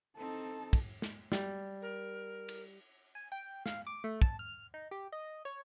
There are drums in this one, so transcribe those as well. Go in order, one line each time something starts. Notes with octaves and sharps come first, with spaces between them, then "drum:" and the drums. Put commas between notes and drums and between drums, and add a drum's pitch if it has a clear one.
C4 D#4 A4 A5
drum: kick, cymbal
drum: snare
G3, drum: snare
A#4
drum: cymbal
G#5
G5
F5, drum: snare
D6
A3
A5, drum: kick
F6
D#4
G4
D#5
C#5